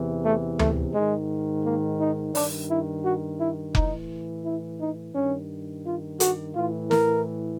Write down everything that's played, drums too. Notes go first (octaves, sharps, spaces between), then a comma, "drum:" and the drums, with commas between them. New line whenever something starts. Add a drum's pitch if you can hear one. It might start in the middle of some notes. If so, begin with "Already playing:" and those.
Already playing: E2 C3 E3
A3
A3, drum: tom D2
G#2 D#3 G#3
A#3
D#4
G2 D#3 D4, drum: open hi-hat
E4
F#4
E4
A2 E3 D#4, drum: kick F1
E4
D#4
G2 D#3 C#4
F4
F#4, drum: hi-hat
A2 E3 F4
A#4, drum: snare